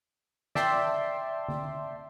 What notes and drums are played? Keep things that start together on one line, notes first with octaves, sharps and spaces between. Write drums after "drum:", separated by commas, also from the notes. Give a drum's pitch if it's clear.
D5 E5 G5 A5 C6, drum: snare
drum: tom D3